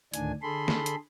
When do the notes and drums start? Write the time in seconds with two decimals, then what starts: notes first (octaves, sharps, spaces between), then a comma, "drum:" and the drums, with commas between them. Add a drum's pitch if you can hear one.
0.14 D2 A2 D#3 D4 G#5, drum: hi-hat
0.43 D3 G#4 A4 B5 C6
0.68 drum: snare
0.86 drum: hi-hat